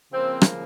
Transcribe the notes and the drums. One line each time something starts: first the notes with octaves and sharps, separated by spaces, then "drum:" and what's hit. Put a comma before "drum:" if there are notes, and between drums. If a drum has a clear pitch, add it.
C#3 F3 A#3 C4
drum: rim click